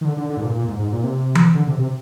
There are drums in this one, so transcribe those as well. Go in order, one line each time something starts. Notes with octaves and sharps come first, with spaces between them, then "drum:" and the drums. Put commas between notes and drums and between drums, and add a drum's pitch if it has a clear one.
D#3
D3
D3
D3
G#2
A#2
A#2
G#2
G#2
A#2
C3
drum: tom E3
D3
C3
C3